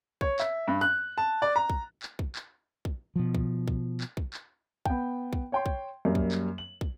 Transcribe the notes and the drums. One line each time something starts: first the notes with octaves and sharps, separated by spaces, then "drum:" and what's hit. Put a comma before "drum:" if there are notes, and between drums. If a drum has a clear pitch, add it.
C#5, drum: kick
E5, drum: clap
G2
F#6
A5
D5
A#5
drum: kick
drum: clap
drum: kick
drum: clap
drum: kick
B2 F3
drum: kick
drum: kick
drum: clap
drum: kick
drum: clap
B3 G5, drum: kick
drum: kick
C#5 G5 C6
drum: kick
F#2 G3 A#3
drum: kick
drum: clap
F#7
drum: kick